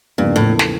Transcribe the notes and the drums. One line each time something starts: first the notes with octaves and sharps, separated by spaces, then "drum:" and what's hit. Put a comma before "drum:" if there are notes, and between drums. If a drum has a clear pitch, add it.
E2 G2 C#3 F3 A#3
A2
drum: snare